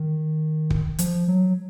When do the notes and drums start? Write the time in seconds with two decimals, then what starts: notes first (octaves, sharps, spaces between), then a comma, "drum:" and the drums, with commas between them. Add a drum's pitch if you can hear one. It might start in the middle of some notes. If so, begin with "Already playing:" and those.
Already playing: D#3
0.70 drum: kick
0.99 F3, drum: hi-hat
1.28 F#3